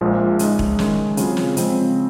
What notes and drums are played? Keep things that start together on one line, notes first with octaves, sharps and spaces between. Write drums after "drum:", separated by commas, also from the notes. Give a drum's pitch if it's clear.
A#1 A#2 F3 G#3
C#3 G#3 D#4, drum: hi-hat
drum: kick E1
D#3 G#3 C#4, drum: snare
C#3 F#3 C4 F4 G#4, drum: hi-hat
drum: snare
C#3 F3 G#3 C4, drum: hi-hat